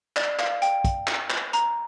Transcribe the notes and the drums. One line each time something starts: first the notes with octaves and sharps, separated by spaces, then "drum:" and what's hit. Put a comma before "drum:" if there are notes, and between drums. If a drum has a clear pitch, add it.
D5, drum: clap
F5, drum: clap
G5, drum: hi-hat
drum: kick, hi-hat
drum: clap
drum: clap
A#5, drum: hi-hat